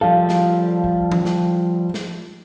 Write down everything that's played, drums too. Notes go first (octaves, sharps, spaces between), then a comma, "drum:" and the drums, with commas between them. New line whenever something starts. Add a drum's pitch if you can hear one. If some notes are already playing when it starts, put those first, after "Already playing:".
F3 G3 A4 F5
drum: snare
drum: kick
drum: tom E3
drum: snare
drum: snare